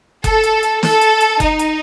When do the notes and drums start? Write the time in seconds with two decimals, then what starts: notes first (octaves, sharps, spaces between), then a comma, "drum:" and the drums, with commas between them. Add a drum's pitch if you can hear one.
0.24 A4, drum: kick F#1, hi-hat
0.43 drum: hi-hat
0.63 drum: hi-hat
0.83 A4, drum: snare
1.01 drum: hi-hat
1.21 drum: hi-hat
1.40 D#4, drum: kick F#1, hi-hat
1.59 drum: hi-hat